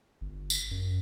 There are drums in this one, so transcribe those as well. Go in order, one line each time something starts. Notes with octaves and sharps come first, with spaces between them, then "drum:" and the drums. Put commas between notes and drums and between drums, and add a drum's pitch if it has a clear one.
G1
drum: tambourine
F#2